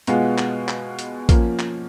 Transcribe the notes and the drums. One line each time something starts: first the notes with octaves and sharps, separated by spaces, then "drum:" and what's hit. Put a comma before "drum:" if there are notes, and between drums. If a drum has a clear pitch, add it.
B2 G#3 B3 F4, drum: hi-hat
drum: clap
drum: clap
drum: hi-hat
F3 A#3 C#4, drum: kick, hi-hat
drum: clap